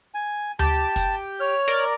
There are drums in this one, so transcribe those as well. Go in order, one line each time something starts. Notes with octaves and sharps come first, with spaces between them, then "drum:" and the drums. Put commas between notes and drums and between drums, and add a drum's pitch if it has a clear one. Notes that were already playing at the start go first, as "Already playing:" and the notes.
G#5
G4 A5, drum: tom D2
drum: kick, hi-hat
C#5 F6
A#4 D5, drum: snare